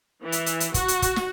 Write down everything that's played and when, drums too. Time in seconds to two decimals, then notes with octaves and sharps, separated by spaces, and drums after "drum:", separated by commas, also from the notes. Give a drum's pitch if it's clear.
0.22 E3
0.32 drum: hi-hat
0.46 drum: hi-hat
0.60 drum: hi-hat
0.74 F#4, drum: kick, hi-hat
0.88 drum: hi-hat
1.02 drum: kick, hi-hat
1.16 drum: snare